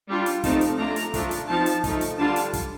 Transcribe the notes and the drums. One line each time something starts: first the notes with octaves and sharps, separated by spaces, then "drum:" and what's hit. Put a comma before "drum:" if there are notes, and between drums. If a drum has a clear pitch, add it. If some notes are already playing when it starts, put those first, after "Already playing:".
G3 D4 F4
drum: hi-hat
F3 A3 C4 D#4 A5, drum: kick, hi-hat
drum: hi-hat
D3 A3 D4 F4 A#5
drum: hi-hat
F3 A3 D4 F4, drum: kick, hi-hat
drum: hi-hat
F3 C4 D#4 A5
drum: hi-hat
F3 A3 D#4, drum: kick, hi-hat
drum: hi-hat
D3 G3 D4 F4 A5
drum: hi-hat
drum: kick, hi-hat